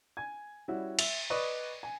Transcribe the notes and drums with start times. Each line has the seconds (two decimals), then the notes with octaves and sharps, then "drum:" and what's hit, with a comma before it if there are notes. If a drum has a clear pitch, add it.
0.17 G#5 G#6
0.68 G3 C#4 E4 F#4
0.99 E5 E6, drum: cymbal
1.30 B4 D5 D#5 C#6
1.83 G#5